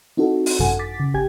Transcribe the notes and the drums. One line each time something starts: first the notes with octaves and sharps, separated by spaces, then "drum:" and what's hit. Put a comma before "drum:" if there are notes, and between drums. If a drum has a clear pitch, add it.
C4 D#4 E4 F#4 A4
drum: open hi-hat
G#1 F#2 C3 A4 F#5 G#5
D6 A6 B6
C#3
G#1 G4 G5 G#5 G#6